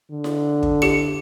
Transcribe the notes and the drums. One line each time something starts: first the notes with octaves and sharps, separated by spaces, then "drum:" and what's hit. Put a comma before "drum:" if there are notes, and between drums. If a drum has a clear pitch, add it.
D3
drum: snare E4
drum: kick
G4 C#7, drum: snare E4